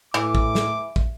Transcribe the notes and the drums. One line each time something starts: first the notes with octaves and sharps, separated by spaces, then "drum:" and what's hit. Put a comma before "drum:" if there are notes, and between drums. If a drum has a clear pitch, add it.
A2 E3 D6
drum: kick
drum: snare
drum: kick